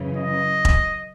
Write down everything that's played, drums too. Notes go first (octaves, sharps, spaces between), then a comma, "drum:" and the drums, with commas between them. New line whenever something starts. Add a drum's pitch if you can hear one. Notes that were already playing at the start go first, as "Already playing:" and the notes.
Already playing: F#2 C#3 E3
D#5
drum: kick E1